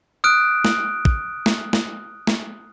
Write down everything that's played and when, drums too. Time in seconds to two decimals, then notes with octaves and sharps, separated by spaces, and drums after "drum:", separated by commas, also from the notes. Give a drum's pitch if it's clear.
0.24 D#6 F6 F#6 D7
0.65 drum: snare
1.05 drum: kick
1.46 drum: snare
1.73 drum: snare
2.27 drum: snare